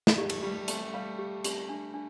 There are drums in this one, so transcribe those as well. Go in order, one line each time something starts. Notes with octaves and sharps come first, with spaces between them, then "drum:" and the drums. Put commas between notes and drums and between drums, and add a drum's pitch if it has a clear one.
drum: snare
A3 G4
drum: cymbal
G3 G4
A3 A5, drum: hi-hat
G3 F5
G4
G4, drum: hi-hat
D4
D4